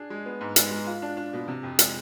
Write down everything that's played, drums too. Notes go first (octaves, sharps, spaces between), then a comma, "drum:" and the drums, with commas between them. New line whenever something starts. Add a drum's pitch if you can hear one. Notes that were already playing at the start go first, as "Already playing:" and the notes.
Already playing: D4 G#4
G#3
B3
G#2
G#3, drum: hi-hat
G#3
F4
D4
D4
B2
C3
F2
G#3, drum: hi-hat